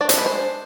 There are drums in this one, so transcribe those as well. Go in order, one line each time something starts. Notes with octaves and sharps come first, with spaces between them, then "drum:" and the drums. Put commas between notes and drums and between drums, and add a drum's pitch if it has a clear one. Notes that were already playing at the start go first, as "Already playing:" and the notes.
D4 D5
C5, drum: hi-hat
G#3 B4
C5
D4